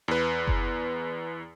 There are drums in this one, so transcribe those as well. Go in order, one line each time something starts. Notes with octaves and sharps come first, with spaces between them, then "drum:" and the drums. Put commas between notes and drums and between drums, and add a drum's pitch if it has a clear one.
E2 B4
drum: kick F#1